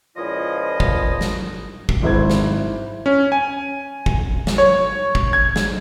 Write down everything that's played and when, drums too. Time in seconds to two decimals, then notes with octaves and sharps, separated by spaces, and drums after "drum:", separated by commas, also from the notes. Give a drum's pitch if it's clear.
0.16 C#2 A#2 F3 E4 D#5
0.80 drum: kick
1.21 drum: snare
1.89 drum: kick
2.02 G#1 E4 C5 G#6
2.30 drum: snare
3.06 C#4
3.32 G#5
4.06 drum: kick
4.47 drum: snare
4.58 C#5
5.15 drum: kick
5.33 G#6
5.56 drum: snare